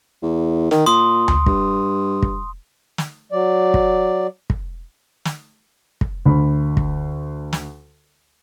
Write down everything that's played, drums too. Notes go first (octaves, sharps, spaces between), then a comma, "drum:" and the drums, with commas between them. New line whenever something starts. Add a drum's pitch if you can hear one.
E2
D#3, drum: snare
A#2 C6 D#6
drum: tom D2
G2, drum: kick
drum: kick
drum: snare
F#3 D5
drum: kick
drum: kick
drum: snare
drum: kick
D2 B5
drum: kick
drum: snare